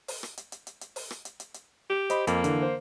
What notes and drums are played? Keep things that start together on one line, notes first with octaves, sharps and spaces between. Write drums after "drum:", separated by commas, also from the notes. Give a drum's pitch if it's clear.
drum: open hi-hat
drum: rim click
drum: hi-hat
drum: hi-hat
drum: hi-hat
drum: hi-hat
drum: open hi-hat
drum: rim click
drum: hi-hat
drum: hi-hat
drum: hi-hat
G4
C5 D#5 B5, drum: hi-hat
F2 A#3, drum: hi-hat
D3 E3, drum: hi-hat
C5